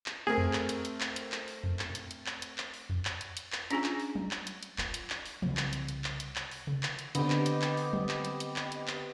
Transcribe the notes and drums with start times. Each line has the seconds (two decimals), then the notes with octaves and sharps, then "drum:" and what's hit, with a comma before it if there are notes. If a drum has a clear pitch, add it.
0.06 drum: clap
0.27 A3 C4 G#4 A#4
0.38 drum: tom E2
0.53 drum: clap
0.69 drum: hi-hat
0.85 drum: hi-hat
1.01 drum: clap
1.16 drum: hi-hat
1.32 drum: clap
1.48 drum: open hi-hat
1.64 drum: tom E2
1.79 drum: clap
1.95 drum: hi-hat
2.11 drum: hi-hat
2.26 drum: clap
2.42 drum: hi-hat
2.58 drum: clap
2.74 drum: open hi-hat
2.89 drum: tom E2
3.05 drum: clap
3.21 drum: hi-hat
3.37 drum: hi-hat
3.52 drum: clap
3.70 C#4 D4 F4 G#4 G#5 A#5, drum: hi-hat
3.84 drum: clap
4.00 drum: open hi-hat
4.15 drum: tom
4.31 drum: clap
4.47 drum: hi-hat
4.63 drum: hi-hat
4.78 F4, drum: clap
4.94 drum: hi-hat
5.10 drum: clap
5.26 drum: open hi-hat
5.42 C2 C#3, drum: tom
5.57 drum: clap
5.73 drum: hi-hat
5.89 drum: hi-hat
6.04 drum: clap
6.20 drum: hi-hat
6.36 drum: clap
6.51 drum: open hi-hat
6.67 drum: tom C3
6.83 drum: clap
6.99 drum: hi-hat
7.15 D3 B3 C4 G4 D#5, drum: hi-hat
7.30 drum: clap
7.46 drum: hi-hat
7.62 drum: clap
7.77 drum: open hi-hat
7.93 drum: tom
8.09 drum: clap
8.25 drum: hi-hat
8.40 drum: hi-hat
8.56 drum: clap
8.72 drum: hi-hat
8.88 drum: clap